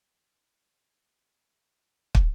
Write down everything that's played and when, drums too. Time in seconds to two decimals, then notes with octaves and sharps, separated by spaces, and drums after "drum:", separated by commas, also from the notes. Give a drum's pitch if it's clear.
0.12 F4 E5 G#5 A5
0.46 E3
0.77 F3 F#4 G#4 C#6
1.38 D#3
2.15 drum: kick